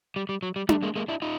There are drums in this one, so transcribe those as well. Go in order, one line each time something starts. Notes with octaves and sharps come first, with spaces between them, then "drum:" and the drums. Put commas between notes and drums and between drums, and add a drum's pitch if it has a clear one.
G3
G3
F#3
G3
G3 A3, drum: tom D4
G#3 A#3
G#3 A#3
D4 E4
D#4 F4